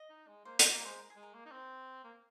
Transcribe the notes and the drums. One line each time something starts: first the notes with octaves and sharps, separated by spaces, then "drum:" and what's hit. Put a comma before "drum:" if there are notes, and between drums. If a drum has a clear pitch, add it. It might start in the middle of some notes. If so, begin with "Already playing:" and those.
Already playing: D#5
D#4
G#3
A#3 C5
C5, drum: hi-hat
A#3 D#5
A#4
G#3 C5
A#4
G#4
G#3
A#4
A#3
D#4
C4
A#3